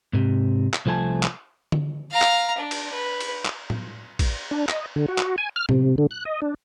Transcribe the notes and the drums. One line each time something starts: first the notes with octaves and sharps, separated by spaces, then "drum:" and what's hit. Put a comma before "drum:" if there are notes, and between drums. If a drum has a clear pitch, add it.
G#2 C3
drum: clap
C2 F3 A3 G#5 A5
drum: clap
drum: tom D3
F5 A#5
drum: clap
D4
drum: cymbal
B4
drum: cymbal
drum: clap
drum: tom
drum: kick, cymbal
D4
D#5, drum: clap
D3
F#4
drum: clap
G#5
F6
C3, drum: tom
D3
F#6
D#5
D4